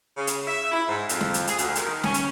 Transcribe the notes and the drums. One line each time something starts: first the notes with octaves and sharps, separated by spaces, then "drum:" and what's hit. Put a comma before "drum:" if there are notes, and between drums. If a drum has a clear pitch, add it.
C#3
drum: hi-hat
E5
E4
G#2
F2, drum: hi-hat
drum: snare
drum: hi-hat
G#4, drum: hi-hat
D2, drum: hi-hat
D#3, drum: hi-hat
C#4, drum: snare
drum: hi-hat